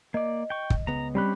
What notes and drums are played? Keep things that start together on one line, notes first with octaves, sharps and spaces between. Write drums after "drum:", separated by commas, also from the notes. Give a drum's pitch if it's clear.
A#3 D5 D#5
G5 C#6
drum: kick
C#2 C#3 B3 A#5
G3 C4 C#4 G4 B5 F#6